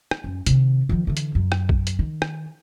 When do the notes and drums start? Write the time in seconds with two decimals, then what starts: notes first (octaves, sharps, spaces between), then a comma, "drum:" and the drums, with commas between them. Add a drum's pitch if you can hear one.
0.11 drum: rim click
0.24 F#2
0.46 C3 D#3, drum: hi-hat
0.89 D#3 F3
1.07 D3 E3
1.17 drum: hi-hat
1.35 F#2
1.52 drum: rim click
1.69 drum: kick
1.87 drum: hi-hat
1.99 D#3
2.22 drum: rim click